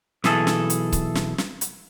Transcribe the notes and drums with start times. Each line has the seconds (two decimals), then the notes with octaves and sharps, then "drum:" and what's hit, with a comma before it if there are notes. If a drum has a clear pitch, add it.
0.24 B1 E3 G#4 A4, drum: snare
0.47 drum: snare
0.70 drum: hi-hat
0.93 drum: kick C#1, hi-hat
1.15 drum: snare
1.38 drum: snare
1.61 drum: hi-hat